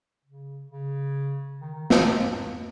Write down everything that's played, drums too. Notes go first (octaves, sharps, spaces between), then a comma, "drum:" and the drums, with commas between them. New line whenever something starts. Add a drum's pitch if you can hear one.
C#3
C#3
D#3
D#3
A#2, drum: snare
G#2